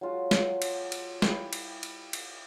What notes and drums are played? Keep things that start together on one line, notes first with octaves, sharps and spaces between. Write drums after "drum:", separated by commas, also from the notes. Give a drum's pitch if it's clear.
F#3 G#3 F4 F#4
drum: snare
drum: cymbal
drum: cymbal
G3 E4 F5 B5, drum: snare
drum: cymbal
drum: cymbal
drum: cymbal